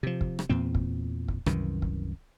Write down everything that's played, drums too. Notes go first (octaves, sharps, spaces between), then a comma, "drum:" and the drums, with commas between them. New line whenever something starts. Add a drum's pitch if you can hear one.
C3 F3
drum: kick
drum: rim click
E2 A#2 C4
drum: kick
drum: kick
C2 F#2 D#3 E3, drum: rim click
drum: kick